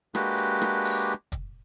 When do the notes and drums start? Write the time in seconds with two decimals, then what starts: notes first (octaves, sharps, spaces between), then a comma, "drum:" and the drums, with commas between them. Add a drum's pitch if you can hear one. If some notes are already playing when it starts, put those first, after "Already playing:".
0.15 G#3 A#3 D4 F#4 G4 B4, drum: rim click
0.38 drum: hi-hat
0.62 drum: rim click
0.85 drum: open hi-hat
1.32 drum: kick, hi-hat